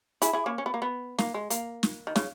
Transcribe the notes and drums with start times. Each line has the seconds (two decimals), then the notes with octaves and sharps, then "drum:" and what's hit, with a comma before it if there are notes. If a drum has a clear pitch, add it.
0.22 E4 G#4, drum: hi-hat
0.33 E4 G#4
0.46 A#3 C#4
0.58 C#4
0.66 B3
0.74 A#3
0.82 B3
1.18 A#3, drum: snare
1.34 G#3
1.50 A#3, drum: hi-hat
1.83 drum: snare
2.07 D#3
2.16 C#3, drum: snare